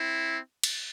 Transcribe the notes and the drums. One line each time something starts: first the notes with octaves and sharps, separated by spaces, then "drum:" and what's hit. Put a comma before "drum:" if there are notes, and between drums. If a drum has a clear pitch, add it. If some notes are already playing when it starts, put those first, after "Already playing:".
Already playing: C4 E4
drum: cymbal